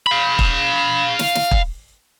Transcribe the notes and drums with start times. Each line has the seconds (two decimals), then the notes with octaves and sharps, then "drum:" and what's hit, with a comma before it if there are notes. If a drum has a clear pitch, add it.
0.07 F5 B5
0.39 drum: kick
1.19 drum: snare
1.35 drum: snare
1.51 drum: kick